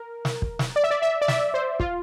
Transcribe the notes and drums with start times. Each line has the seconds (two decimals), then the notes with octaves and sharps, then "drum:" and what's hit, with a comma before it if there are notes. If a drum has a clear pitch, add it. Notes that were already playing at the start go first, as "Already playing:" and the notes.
Already playing: A#4
0.25 drum: snare
0.42 drum: kick
0.59 drum: snare
0.76 D5
0.84 E5
0.91 D5
1.02 E5
1.22 D5
1.28 E5, drum: snare
1.54 C5
1.80 F4, drum: kick